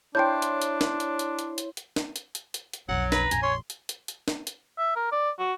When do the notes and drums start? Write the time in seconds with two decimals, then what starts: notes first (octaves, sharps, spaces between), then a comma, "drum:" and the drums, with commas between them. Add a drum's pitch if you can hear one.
0.15 D4 E4 C5 C#5 G5 A5 G6
0.42 drum: hi-hat
0.62 drum: hi-hat
0.81 drum: snare
1.00 drum: hi-hat
1.19 drum: hi-hat
1.39 drum: hi-hat
1.58 drum: hi-hat
1.77 drum: hi-hat
1.96 drum: snare
2.16 drum: hi-hat
2.35 drum: hi-hat
2.54 drum: hi-hat
2.73 drum: hi-hat
2.89 B1 F2 F#3 F#5
3.12 B4 A#5, drum: snare
3.31 A#1 F2 G#5, drum: hi-hat
3.43 C#5 C6
3.70 drum: hi-hat
3.89 drum: hi-hat
4.08 drum: hi-hat
4.28 drum: snare
4.47 drum: hi-hat
4.78 E5
4.96 A#4
5.12 D5
5.39 F#4